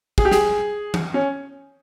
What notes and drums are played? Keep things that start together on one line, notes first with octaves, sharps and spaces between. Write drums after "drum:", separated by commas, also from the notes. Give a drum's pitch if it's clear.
G#4, drum: kick
G4
G#4, drum: snare
drum: tom
C#4